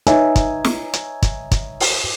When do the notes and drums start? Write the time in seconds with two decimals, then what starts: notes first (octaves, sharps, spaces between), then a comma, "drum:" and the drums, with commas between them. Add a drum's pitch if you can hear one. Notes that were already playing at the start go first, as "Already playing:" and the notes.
0.07 D#4 B4 C#5 D#5 E5 G#5, drum: hi-hat
0.36 drum: kick, hi-hat
0.65 drum: snare
0.93 drum: hi-hat
1.22 drum: kick, hi-hat
1.51 drum: kick, hi-hat
1.80 drum: open hi-hat